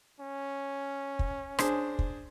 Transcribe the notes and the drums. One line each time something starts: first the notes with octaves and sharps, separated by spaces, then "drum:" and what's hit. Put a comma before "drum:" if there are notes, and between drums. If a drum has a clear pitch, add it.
C#4
drum: kick
D4 G#4 C5, drum: rim click
drum: kick